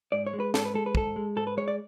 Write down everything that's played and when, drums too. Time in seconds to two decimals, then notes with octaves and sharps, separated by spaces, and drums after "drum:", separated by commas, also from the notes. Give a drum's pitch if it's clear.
0.12 G#2 D5
0.26 C#5
0.33 G#3
0.40 B4
0.54 G#2 A4, drum: snare
0.65 B4
0.74 G#3 A4
0.86 B4
0.95 G#2 A4, drum: kick
1.16 G#3
1.36 G#2 A4
1.47 B4
1.57 G#3 C#5
1.68 D5